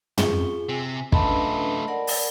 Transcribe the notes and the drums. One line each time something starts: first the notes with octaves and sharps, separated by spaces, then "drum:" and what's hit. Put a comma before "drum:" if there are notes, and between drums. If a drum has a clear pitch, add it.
C4 C#4 F4 G#4 G7, drum: tom
C3 G#5
A3 C#4 D4 F4 B4 D#5 A5 B5, drum: kick
A#4 D5 F#5
drum: open hi-hat